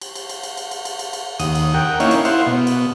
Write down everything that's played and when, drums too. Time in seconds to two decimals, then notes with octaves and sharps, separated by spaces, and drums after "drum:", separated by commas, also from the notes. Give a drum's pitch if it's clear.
0.01 drum: cymbal
0.15 drum: cymbal
0.29 drum: cymbal
0.43 drum: cymbal
0.57 drum: cymbal
0.71 drum: cymbal
0.85 drum: cymbal
0.99 drum: cymbal
1.13 drum: cymbal
1.40 D#2 D#6, drum: cymbal
1.55 drum: cymbal
1.74 A#4 F#5 G5
2.00 A#3 C#4 D#4 E4 C#5 F5, drum: cymbal
2.11 drum: cymbal
2.25 E4 C5 F5 F#5, drum: cymbal
2.47 B2
2.67 drum: cymbal